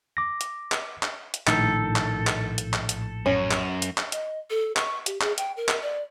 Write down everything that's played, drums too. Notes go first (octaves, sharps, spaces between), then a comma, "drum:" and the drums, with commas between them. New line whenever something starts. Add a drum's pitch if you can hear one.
D6 A#6
drum: hi-hat
drum: clap
drum: clap
drum: hi-hat
A#1 A2 D#3 A4 G6, drum: clap
drum: clap
drum: clap
drum: hi-hat
drum: clap
drum: hi-hat
F#2 C#4
drum: clap
drum: hi-hat
drum: clap
D#5, drum: hi-hat
A4
C#6, drum: clap
G4, drum: hi-hat
G#4, drum: clap
G5, drum: hi-hat
A#4
drum: clap
D5